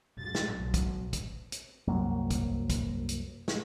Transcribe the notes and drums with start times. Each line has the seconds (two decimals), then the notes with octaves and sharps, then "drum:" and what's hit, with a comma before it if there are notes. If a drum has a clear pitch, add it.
0.20 A6
0.35 drum: snare
0.54 B1
0.74 drum: kick, hi-hat
1.13 drum: kick, hi-hat
1.52 drum: hi-hat
1.88 C2 F#2 F#3 A#3
2.30 drum: kick, hi-hat
2.70 drum: kick, hi-hat
3.09 drum: hi-hat
3.48 drum: snare